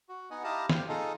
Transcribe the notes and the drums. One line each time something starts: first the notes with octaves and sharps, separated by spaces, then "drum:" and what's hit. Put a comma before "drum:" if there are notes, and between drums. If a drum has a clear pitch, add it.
F#4
B3 D#4 D#5 F#5 G#5
E4 G4 D#5 F5 A5 A#5
G4 C5 F5, drum: snare
D#4 F4 G#4 A4 D#5